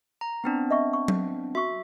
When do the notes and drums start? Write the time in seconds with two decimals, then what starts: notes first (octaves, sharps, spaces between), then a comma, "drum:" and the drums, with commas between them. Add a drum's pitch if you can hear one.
0.21 A#5
0.44 B3 C4 D4
0.71 D#5 E5 C#6
0.93 C#6
1.08 drum: tom F#3
1.55 F#4 E5 C#6